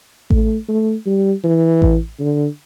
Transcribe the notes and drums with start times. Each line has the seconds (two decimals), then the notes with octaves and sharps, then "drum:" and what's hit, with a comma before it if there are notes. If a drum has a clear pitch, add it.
0.30 A3, drum: kick A1
0.69 A3
1.06 G3
1.44 E3
1.82 drum: kick A1
2.20 D3